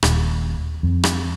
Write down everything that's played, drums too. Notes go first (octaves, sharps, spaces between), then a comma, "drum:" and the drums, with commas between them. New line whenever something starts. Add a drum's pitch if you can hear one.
D#1, drum: rim click
F2
drum: rim click